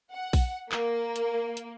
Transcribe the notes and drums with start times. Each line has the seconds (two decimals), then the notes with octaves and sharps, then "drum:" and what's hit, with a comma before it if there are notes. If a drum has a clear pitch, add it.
0.13 F#5
0.33 drum: kick A#1, open hi-hat
0.72 A#3, drum: clap
1.16 drum: hi-hat
1.57 drum: hi-hat